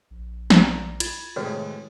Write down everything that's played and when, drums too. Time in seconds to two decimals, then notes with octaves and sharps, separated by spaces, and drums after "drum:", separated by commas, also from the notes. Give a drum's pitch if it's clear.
0.10 A#1
0.50 D5 A#5, drum: snare
1.00 F4 G#6 A6, drum: cymbal
1.36 A2 C3 D#3 G#3 F#4 B4 C#5